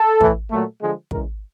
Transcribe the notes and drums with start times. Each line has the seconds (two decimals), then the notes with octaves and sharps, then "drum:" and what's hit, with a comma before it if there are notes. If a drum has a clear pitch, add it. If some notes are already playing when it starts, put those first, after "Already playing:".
Already playing: A4
0.21 A2 E3 A3, drum: kick
0.51 A#2 F#3 A3
0.81 D3 F3 G#3
1.11 C#3 E3 G#3 A#4, drum: kick